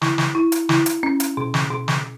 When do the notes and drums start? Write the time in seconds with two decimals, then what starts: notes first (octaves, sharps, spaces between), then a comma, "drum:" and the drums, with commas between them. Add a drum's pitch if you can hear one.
0.02 E4, drum: snare
0.18 drum: snare
0.35 E4
0.52 drum: hi-hat
0.69 E4, drum: snare
0.86 drum: hi-hat
1.03 C#4
1.20 drum: hi-hat
1.37 B2
1.54 drum: snare
1.71 B2
1.88 drum: snare